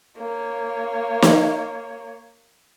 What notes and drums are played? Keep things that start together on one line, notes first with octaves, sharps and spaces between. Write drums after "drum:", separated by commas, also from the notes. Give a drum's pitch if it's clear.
A#3 C#5
drum: snare